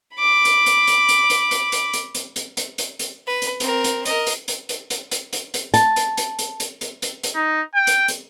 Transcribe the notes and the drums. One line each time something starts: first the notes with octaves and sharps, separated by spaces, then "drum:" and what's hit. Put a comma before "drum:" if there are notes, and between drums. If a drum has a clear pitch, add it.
B5 D6
drum: hi-hat
drum: hi-hat
drum: hi-hat
drum: hi-hat
drum: hi-hat
drum: hi-hat
drum: hi-hat
drum: hi-hat
drum: hi-hat
drum: hi-hat
drum: hi-hat
drum: hi-hat
drum: hi-hat
B4
drum: hi-hat
C4 A#4, drum: hi-hat
drum: hi-hat
A#4 D#5, drum: hi-hat
drum: hi-hat
drum: hi-hat
drum: hi-hat
drum: hi-hat
drum: hi-hat
drum: hi-hat
drum: hi-hat
A5, drum: hi-hat
drum: hi-hat
drum: hi-hat
drum: hi-hat
drum: hi-hat
drum: hi-hat
drum: hi-hat
drum: hi-hat
D#4
G5
drum: hi-hat
drum: hi-hat